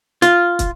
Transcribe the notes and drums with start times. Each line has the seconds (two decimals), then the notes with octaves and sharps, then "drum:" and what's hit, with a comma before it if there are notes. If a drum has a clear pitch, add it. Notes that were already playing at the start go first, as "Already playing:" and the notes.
0.22 F4, drum: hi-hat
0.59 drum: kick, hi-hat